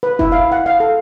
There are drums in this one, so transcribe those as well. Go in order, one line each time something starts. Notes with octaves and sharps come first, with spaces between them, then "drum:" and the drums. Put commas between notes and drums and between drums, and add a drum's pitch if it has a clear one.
B4
E4, drum: kick F1
F5
F#5
F5
A4